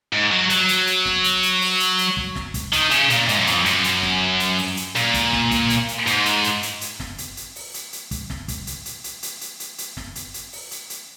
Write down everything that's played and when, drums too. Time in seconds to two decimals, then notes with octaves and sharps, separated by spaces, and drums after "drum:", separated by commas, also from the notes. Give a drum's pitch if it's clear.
0.13 G#2
0.31 F#3
0.50 F#3, drum: hi-hat
0.68 drum: hi-hat
0.87 drum: hi-hat
1.06 drum: snare
1.24 drum: hi-hat
1.43 drum: hi-hat
1.61 drum: open hi-hat
1.80 drum: hi-hat
1.98 drum: hi-hat
2.17 drum: kick
2.36 drum: snare
2.54 drum: kick, hi-hat
2.73 D#3, drum: hi-hat
2.91 C#3, drum: hi-hat
3.10 A#2, drum: hi-hat
3.29 G#2, drum: hi-hat
3.39 F#2
3.47 F2, drum: hi-hat
3.65 F#2, drum: hi-hat
3.84 drum: hi-hat
4.03 drum: snare
4.40 drum: hi-hat
4.58 drum: open hi-hat
4.77 drum: hi-hat
4.96 A#2, drum: hi-hat
5.14 drum: kick, hi-hat
5.33 drum: snare
5.51 drum: kick, hi-hat
5.70 drum: hi-hat
5.88 drum: hi-hat
6.07 G#2, drum: hi-hat
6.25 drum: hi-hat
6.44 drum: hi-hat
6.63 drum: hi-hat
6.81 drum: hi-hat
7.00 drum: snare
7.18 drum: hi-hat
7.37 drum: hi-hat
7.55 drum: open hi-hat
7.74 drum: hi-hat
7.93 drum: hi-hat
8.11 drum: kick, hi-hat
8.30 drum: snare
8.48 drum: kick, hi-hat
8.67 drum: hi-hat
8.85 drum: hi-hat
9.04 drum: hi-hat
9.23 drum: hi-hat
9.41 drum: hi-hat
9.60 drum: hi-hat
9.78 drum: hi-hat
9.97 drum: snare
10.15 drum: hi-hat
10.34 drum: hi-hat
10.53 drum: open hi-hat
10.71 drum: hi-hat
10.90 drum: hi-hat